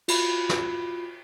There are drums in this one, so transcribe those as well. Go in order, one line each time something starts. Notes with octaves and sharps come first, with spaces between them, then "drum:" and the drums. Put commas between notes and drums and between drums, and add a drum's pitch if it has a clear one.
F4 F#4 B5, drum: cymbal
drum: snare